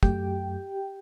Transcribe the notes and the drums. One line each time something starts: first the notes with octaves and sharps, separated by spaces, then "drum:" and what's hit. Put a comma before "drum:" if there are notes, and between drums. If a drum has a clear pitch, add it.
F#2 F#3 A3 G4 G5, drum: kick